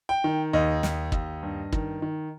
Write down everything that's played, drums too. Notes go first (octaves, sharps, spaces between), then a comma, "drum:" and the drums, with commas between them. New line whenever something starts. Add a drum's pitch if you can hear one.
G5
D#3
D#2 D#5
D#2, drum: snare
D#2, drum: kick
G2
D#3, drum: kick
D#3